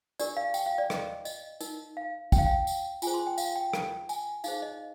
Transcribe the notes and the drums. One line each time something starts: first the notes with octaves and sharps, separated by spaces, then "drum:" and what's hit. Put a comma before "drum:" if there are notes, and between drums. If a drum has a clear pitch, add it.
D4 G4 A#4 D5, drum: tambourine
F5
G5, drum: tambourine
F5
D5
D#5, drum: rim click
D#5, drum: tambourine
D#4 A#4, drum: tambourine
F5
G5, drum: kick, tambourine
F5
G5
drum: tambourine
F4 G#4 C5 G#5, drum: tambourine
C6
G5
F5, drum: tambourine
G5
drum: rim click
G#5, drum: tambourine
D#4 G#4 C5 F5, drum: tambourine
D#5